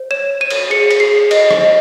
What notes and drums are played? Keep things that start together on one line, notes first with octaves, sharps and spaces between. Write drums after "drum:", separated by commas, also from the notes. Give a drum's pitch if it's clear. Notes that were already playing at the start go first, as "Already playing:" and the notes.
Already playing: C5
C#5 E7
C#5 D#7
drum: cymbal
G#4 C#7
drum: cymbal
G#4 C7
D#5, drum: cymbal
drum: rim click
D#5